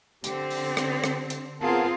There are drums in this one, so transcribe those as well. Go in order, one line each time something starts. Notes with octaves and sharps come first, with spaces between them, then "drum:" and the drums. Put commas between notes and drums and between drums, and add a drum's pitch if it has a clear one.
D3 C4 G4, drum: hi-hat
drum: open hi-hat
drum: rim click
drum: rim click
drum: hi-hat
B3 C4 F4 G#4 A#4 A5